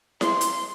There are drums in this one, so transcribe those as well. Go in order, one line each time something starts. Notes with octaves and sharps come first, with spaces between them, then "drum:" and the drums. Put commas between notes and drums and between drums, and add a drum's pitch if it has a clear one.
C6, drum: snare E4
drum: hi-hat